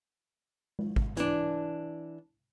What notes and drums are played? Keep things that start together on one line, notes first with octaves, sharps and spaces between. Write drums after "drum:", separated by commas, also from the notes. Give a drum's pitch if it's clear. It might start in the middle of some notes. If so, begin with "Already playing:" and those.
drum: tom G#3
drum: kick
E3 D4, drum: hi-hat